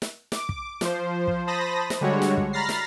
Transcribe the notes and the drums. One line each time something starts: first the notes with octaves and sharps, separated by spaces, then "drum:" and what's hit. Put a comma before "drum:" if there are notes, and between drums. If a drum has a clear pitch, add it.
drum: snare
D6, drum: snare
drum: kick
F3 C5, drum: snare
drum: kick
C5 A5 B5 D#6 A#6
drum: snare
D3 G3 G#3 F#4 C#5
drum: snare
drum: kick
A#5 B5 F6 A6 A#6 C7
drum: snare